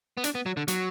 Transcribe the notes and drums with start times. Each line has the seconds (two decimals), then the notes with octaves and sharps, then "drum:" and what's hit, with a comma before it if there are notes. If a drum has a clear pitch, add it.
0.17 B3
0.24 D4, drum: hi-hat
0.35 B3
0.46 F#3
0.57 D3
0.68 F#3, drum: hi-hat